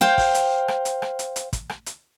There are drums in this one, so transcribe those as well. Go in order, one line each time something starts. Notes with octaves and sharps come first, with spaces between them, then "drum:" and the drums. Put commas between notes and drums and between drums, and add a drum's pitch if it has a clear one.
C5 F5 G5
drum: kick, open hi-hat
drum: hi-hat
drum: rim click
drum: hi-hat
drum: rim click
drum: hi-hat
drum: hi-hat
drum: kick, hi-hat
drum: rim click
drum: hi-hat